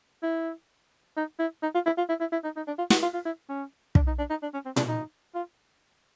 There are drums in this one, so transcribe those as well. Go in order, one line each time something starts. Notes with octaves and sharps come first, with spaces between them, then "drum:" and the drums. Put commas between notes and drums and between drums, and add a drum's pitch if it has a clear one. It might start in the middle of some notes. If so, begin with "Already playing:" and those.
E4
D#4
E4
D#4
F4
E4
F4
E4
E4
E4
D#4
D#4
D4
F4
F#4, drum: snare
F4
F4
E4
C#4
D4, drum: kick
D#4
D4
D#4
D4
C#4
C4
D4, drum: tom A#2
D#4
F4